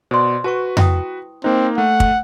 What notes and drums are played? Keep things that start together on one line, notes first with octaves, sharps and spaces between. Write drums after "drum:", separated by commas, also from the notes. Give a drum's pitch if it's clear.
B2 C5 D5 C6
F#4 B4 A5 C#6
E4 G5 D#6, drum: tom F2
A#3 C4 D#4 C5
A3 F#5
drum: kick